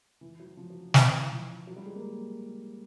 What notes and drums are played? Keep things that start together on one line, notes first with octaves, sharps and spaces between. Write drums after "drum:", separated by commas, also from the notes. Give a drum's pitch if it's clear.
E3
F#3
F3
F#3
E3, drum: snare
F3
F#3
G3
G#3
A#3